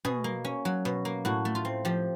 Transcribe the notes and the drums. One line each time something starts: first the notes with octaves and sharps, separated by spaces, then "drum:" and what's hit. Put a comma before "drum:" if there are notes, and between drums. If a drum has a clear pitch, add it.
B2 G#4, drum: tom
A#3
C#4
F#3
B2, drum: snare
A#3
A2 F#4
A3
F4
C4
F3 G4